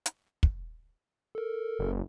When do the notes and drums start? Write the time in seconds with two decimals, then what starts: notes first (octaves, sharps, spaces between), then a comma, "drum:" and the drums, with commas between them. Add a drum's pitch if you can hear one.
0.06 drum: hi-hat
0.43 drum: kick
1.35 A4 A#4
1.79 F#1